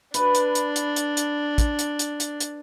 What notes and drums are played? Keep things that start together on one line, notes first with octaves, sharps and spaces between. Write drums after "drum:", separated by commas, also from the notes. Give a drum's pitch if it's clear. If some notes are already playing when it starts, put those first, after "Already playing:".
D4 B4, drum: hi-hat
drum: hi-hat
drum: hi-hat
drum: hi-hat
drum: hi-hat
drum: hi-hat
drum: kick, hi-hat
drum: hi-hat
drum: hi-hat
drum: hi-hat
drum: hi-hat